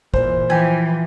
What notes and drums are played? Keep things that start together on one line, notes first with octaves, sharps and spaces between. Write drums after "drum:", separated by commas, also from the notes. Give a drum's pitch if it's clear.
A#2 E3 C5, drum: kick
E3 F3 G4 G#5